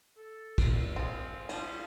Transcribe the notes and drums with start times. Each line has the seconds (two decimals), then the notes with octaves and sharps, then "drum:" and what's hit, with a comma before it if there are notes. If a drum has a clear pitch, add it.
0.18 A4
0.58 drum: kick, cymbal
0.96 C4 F4 G#4
1.49 F3 G3 F4, drum: cymbal